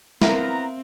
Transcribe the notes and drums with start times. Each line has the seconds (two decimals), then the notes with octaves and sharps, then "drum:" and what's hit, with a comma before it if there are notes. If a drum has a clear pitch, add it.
0.22 B3 C4 E4 A#4 E5 F5 A#5, drum: snare